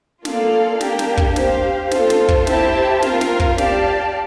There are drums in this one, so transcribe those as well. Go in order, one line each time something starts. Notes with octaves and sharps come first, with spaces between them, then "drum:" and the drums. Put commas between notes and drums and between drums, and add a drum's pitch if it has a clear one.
A#3 F4 A4 D5 F5, drum: snare
A#3 D4 G4, drum: snare
drum: snare
drum: kick
G4 C5 F5, drum: snare
C4 F4 A4 C5, drum: snare
drum: snare
drum: kick
E4 G4 C5 E5 A5, drum: snare
C4 F4 A#4 F5, drum: snare
drum: snare
drum: kick
G4 D5 F5 A5, drum: snare